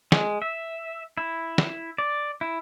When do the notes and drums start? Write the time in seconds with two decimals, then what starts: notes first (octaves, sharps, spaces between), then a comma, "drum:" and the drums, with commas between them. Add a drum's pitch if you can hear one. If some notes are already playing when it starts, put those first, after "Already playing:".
0.12 G#3, drum: snare
0.42 E5
1.18 E4
1.58 drum: snare
1.98 D5
2.41 E4